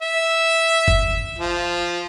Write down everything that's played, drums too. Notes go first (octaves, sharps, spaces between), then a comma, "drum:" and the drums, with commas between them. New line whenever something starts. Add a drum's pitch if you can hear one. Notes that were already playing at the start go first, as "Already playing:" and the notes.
E5
drum: kick F#1
F3